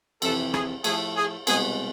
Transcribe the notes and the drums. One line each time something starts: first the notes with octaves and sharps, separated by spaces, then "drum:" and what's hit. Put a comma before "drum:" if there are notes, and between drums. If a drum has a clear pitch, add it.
F2 C3 E3 A4, drum: cymbal
G#4, drum: rim click
A2 F3 A3 G#4, drum: cymbal
G#4
C2 B2 G#3 B3 G#4, drum: cymbal